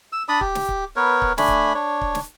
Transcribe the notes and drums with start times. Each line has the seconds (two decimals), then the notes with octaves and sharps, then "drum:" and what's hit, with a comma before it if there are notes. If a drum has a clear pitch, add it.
0.12 E6
0.29 D4 D5 B5 D#6
0.41 G4, drum: kick C#1
0.55 drum: snare
0.68 drum: kick C#1
0.96 B3 A#4 B4 C#5
1.22 drum: kick C#1
1.38 A3 D4 G#5 B5, drum: snare
1.48 drum: kick C#1
1.74 D4 C#5
2.01 drum: kick C#1
2.15 drum: snare